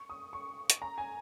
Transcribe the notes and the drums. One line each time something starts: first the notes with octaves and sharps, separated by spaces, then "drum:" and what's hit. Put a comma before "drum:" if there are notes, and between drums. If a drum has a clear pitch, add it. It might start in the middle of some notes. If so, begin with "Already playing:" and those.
Already playing: C#6
D#6
C#6
drum: hi-hat
A#5
G#5